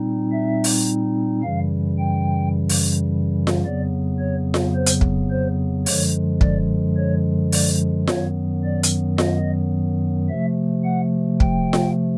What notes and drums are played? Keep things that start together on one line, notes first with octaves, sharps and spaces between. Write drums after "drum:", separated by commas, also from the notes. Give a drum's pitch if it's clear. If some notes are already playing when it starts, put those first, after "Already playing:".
Already playing: A#2 G3 C4 D#4
E5
drum: open hi-hat
F#2 C#3 E3 G3 F5
G5
drum: open hi-hat
drum: snare F4
F2 C#3 F#3 B3 D5
C#5
drum: snare F4
C5
drum: hi-hat
drum: kick
C5
F#2 D3 F3 G#3 C#5, drum: open hi-hat
D5, drum: kick
C#5
D5, drum: open hi-hat
F#2 D#3 F#3 B3 C#5, drum: snare F4
D5
drum: hi-hat
D#5, drum: snare F4
C3 F3 A3 E5
F#5
G5, drum: kick
drum: snare F4